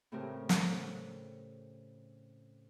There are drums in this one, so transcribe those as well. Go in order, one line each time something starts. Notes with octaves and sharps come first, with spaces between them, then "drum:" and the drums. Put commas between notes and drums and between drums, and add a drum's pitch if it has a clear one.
A2 C#3 A3 C4 G4 A#4
drum: snare